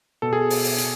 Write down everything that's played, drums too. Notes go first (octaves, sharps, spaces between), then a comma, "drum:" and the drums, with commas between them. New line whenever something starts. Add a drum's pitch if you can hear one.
B2 A4
G#4
drum: open hi-hat
drum: open hi-hat
drum: hi-hat